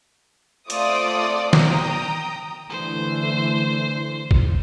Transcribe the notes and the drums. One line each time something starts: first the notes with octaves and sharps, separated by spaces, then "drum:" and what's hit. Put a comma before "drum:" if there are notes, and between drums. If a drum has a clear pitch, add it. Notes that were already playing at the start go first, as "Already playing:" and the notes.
A3 C4 F4 D5 D6 D#6, drum: hi-hat
G5 A#5 D#6, drum: snare D#3
D3 E3 A3 C5
drum: kick A1